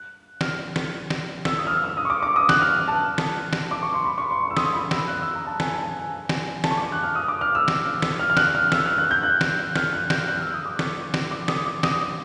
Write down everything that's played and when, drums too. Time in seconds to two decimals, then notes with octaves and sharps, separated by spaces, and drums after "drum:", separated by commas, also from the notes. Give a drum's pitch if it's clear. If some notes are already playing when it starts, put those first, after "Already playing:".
Already playing: F#6
0.41 F6, drum: snare
0.76 drum: snare
1.10 drum: snare
1.45 E6, drum: snare
1.58 D#6
1.67 F6
1.71 E6
1.84 E6
1.97 D#6
2.05 C#6
2.10 D6
2.22 D6
2.36 D#6
2.49 F#6, drum: snare
2.62 F6
2.88 A5
3.18 drum: snare
3.53 drum: snare
3.71 D6
3.83 C#6
3.94 C6
4.05 B5
4.18 C#6
4.31 C6
4.43 C#6
4.50 E6
4.57 D#6, drum: snare
4.73 B5
4.91 E6, drum: snare
5.08 F#6
5.22 E6
5.35 A#5
5.47 A5
5.60 G#5, drum: snare
5.74 A5
5.86 G#5
6.00 G#5
6.29 drum: snare
6.64 A5, drum: snare
6.71 C#6
6.77 D6
6.92 F#6
7.03 F6
7.15 D#6
7.28 D6
7.41 F6
7.55 E6
7.68 drum: snare
8.02 drum: snare
8.20 F6
8.30 F6
8.37 F#6, drum: snare
8.55 F6
8.72 E6, drum: snare
8.85 F6
8.98 F#6
9.11 G6
9.23 F#6
9.41 drum: snare
9.76 F6, drum: snare
9.93 F#6
10.10 G6, drum: snare
10.28 F#6
10.36 F6
10.41 E6
10.54 D#6
10.66 D6
10.79 C#6, drum: snare
11.14 drum: snare
11.31 D6
11.48 D#6, drum: snare
11.66 D6
11.83 D#6, drum: snare